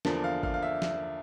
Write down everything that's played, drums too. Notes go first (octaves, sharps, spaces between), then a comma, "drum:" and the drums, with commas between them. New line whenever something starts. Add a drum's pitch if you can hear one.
E2 D3 F3 A#3 D4, drum: snare
F5
F5, drum: kick
F5
E5
drum: snare